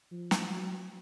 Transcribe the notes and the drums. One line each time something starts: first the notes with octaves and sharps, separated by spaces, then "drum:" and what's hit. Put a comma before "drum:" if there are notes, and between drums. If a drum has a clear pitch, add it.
F3
drum: snare
F#3